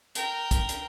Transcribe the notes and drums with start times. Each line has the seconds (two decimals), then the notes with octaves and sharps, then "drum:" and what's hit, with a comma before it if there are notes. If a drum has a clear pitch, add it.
0.15 A#4 G5, drum: hi-hat
0.51 drum: kick, hi-hat
0.69 drum: hi-hat